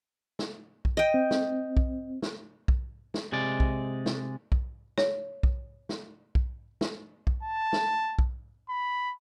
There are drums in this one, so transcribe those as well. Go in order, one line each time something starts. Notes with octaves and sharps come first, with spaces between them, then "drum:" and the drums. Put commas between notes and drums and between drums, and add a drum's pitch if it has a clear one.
drum: snare
drum: kick B1
D#5 G5
C4
drum: snare
drum: kick B1
drum: snare
drum: kick B1
drum: snare
C3 G#3 D5
drum: kick B1
drum: snare
drum: kick B1
C#5, drum: snare
drum: kick B1
drum: snare
drum: kick B1
drum: snare
drum: kick B1
A5
drum: snare
drum: kick B1
B5